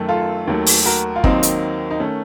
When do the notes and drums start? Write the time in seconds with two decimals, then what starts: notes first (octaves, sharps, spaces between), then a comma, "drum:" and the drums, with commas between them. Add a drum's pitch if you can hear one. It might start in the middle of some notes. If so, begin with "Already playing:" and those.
Already playing: F#2 D#3 A3
0.09 F4 A4
0.47 D#2 D#3 F#3 A3
0.66 drum: open hi-hat
0.85 F#4 A#4
1.16 F4
1.24 D#2 D#3 F#3 A#3 C4 D#4, drum: kick
1.43 drum: hi-hat
1.91 D#4
2.00 D#3 A3 C#4